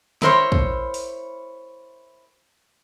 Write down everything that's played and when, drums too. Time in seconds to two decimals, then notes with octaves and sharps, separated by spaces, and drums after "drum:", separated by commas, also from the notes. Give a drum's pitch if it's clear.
0.22 E4 A#4 C5 C#5, drum: snare
0.52 drum: kick
0.94 drum: open hi-hat